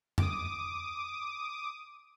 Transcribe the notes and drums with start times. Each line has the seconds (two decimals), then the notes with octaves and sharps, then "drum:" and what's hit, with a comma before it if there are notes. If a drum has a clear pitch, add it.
0.18 D6 D#6, drum: tom F2